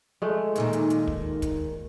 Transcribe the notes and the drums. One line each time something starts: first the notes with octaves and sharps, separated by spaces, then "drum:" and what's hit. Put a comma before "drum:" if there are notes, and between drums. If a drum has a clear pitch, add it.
G#3 A3
D#2 A#2 D#3, drum: hi-hat
drum: hi-hat
drum: hi-hat
drum: kick
drum: kick, hi-hat